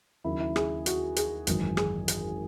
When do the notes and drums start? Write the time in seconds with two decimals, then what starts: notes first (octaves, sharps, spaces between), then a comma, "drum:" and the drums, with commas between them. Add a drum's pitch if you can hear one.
0.24 D#2 C#3 F#3 E4
0.40 E4
0.56 G#4, drum: rim click
0.86 F#4, drum: hi-hat
1.16 G#4, drum: hi-hat
1.47 G#1 F#2 E3, drum: hi-hat
1.77 G#4, drum: rim click
2.08 drum: hi-hat